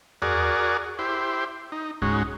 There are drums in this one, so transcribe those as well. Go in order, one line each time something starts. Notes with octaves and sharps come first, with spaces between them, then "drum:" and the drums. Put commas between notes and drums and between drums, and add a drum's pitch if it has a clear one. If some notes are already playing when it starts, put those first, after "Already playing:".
F#4 G#4 A#4 D5, drum: tom E2
E4 G4 C5
D#4
G#2 G#3 C#4 D#4 F#4, drum: kick C#2